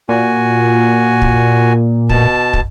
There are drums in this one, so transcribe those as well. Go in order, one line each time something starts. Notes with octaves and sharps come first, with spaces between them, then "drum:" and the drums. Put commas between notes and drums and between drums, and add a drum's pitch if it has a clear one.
A#2 F#4 G#5
drum: kick
B2 A5, drum: kick
drum: kick